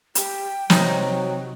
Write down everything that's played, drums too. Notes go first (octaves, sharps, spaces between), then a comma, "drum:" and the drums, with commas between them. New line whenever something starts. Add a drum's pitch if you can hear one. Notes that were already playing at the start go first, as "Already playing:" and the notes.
G4 G5, drum: hi-hat
C3 F#3 D#4 F#4, drum: snare